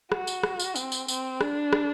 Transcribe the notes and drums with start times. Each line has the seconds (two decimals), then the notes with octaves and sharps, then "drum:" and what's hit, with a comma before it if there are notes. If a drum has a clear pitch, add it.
0.12 F#4, drum: rim click
0.27 drum: tambourine
0.43 drum: rim click
0.60 drum: tambourine
0.76 C4, drum: tambourine
0.92 drum: tambourine
1.08 C4, drum: tambourine
1.41 D4, drum: rim click
1.73 drum: rim click